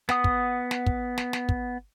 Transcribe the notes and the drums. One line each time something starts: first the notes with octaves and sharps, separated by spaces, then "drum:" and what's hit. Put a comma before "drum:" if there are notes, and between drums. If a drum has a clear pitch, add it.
B3 F#5 D#6, drum: snare
drum: kick
drum: snare
drum: kick
drum: snare
drum: snare
drum: kick